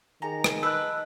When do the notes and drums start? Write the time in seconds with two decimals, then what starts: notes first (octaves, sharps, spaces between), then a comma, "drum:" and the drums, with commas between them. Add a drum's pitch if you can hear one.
0.22 D#3 G#4 G5 G#5 A#5
0.44 drum: rim click
0.63 B4 D#5 A5 E6 F#6